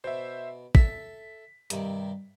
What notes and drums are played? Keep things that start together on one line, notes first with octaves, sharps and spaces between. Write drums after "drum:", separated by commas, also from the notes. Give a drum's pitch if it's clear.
B2 C5 E5
A4 E5 B6, drum: kick
G2 C3 D#3, drum: hi-hat